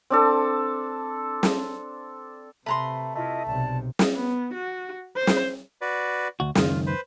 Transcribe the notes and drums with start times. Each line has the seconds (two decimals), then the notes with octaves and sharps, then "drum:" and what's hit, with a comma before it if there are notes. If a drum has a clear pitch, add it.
0.10 C4 D4 A4
1.43 drum: snare
2.66 C3 A3 B4 A#5 C6
3.15 A3 E4 F4 D#5
3.46 B1 C3 D5 A5
3.99 drum: snare
4.15 B3
4.54 F#4
5.16 C5
5.27 drum: snare
5.81 F#4 B4 D5
6.40 D2 F#4
6.55 C#2 F#2 D#3 F4, drum: snare
6.87 B4 C5